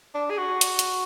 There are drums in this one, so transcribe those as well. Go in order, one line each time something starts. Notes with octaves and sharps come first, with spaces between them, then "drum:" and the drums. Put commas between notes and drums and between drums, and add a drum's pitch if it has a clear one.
D4
G#4
F#4
drum: hi-hat
drum: hi-hat